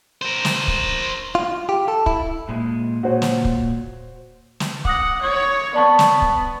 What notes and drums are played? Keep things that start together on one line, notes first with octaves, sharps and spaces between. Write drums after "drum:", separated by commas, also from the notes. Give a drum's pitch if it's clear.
A#4 C5
drum: snare
drum: kick
F4
G4
A4
E4, drum: kick
A#2 G#3
A#2 F#4 C5 C#5
drum: snare
drum: kick
drum: snare
F#5 D6 D#6 A#6, drum: kick
C#5
B3 D5 A5 C#6
drum: snare
drum: kick